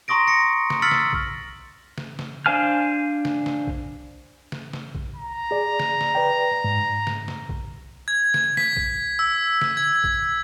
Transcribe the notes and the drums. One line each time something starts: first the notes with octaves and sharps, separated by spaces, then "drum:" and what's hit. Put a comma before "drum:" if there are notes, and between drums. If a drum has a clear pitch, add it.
A#5 C6 C#6 D#6 A#6 D7
A#6 C#7
drum: snare
E6 F6 A6 B6 C#7 F#7
drum: snare
drum: kick A#1
drum: snare
drum: snare
D4 C5 F5 G#5 F6
drum: snare
drum: snare
drum: kick A#1
drum: snare
drum: snare
drum: kick A#1
A#5
G#4 D5
drum: snare
drum: snare
B4 D5 G5
G#2
drum: snare
drum: snare
drum: kick A#1
G#6
drum: snare
B6, drum: snare
drum: kick A#1
E6
drum: snare
G#6
drum: kick A#1